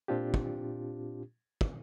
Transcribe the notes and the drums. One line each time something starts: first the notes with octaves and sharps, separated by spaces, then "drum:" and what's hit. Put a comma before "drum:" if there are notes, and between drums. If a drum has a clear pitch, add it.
A#2 C4 D4 F4 G4
drum: kick
drum: kick